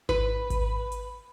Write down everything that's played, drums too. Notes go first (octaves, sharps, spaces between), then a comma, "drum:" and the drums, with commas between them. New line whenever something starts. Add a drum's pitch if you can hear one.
B4, drum: kick G#1
drum: kick G#1, hi-hat
drum: hi-hat